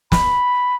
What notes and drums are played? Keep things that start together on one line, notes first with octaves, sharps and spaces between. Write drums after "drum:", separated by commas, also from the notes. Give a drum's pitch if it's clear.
B5, drum: snare